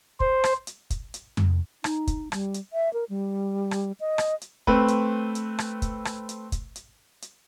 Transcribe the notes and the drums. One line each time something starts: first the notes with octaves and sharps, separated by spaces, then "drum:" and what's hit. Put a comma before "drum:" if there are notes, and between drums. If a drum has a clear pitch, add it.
C5, drum: kick
drum: rim click
drum: hi-hat
drum: kick, hi-hat
drum: hi-hat
drum: tom F2
D#4, drum: rim click
drum: kick, hi-hat
G3, drum: rim click
drum: hi-hat
E5
A#4
G3
drum: rim click
D#5
drum: rim click
drum: hi-hat
A3 C4 B4, drum: kick
drum: hi-hat
drum: hi-hat
drum: rim click
drum: kick, hi-hat
drum: rim click
drum: hi-hat
drum: kick, hi-hat
drum: hi-hat
drum: hi-hat